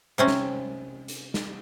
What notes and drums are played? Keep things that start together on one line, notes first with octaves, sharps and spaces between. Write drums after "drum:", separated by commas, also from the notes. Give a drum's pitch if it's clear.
C3 C4 C#4
drum: snare
drum: hi-hat
drum: snare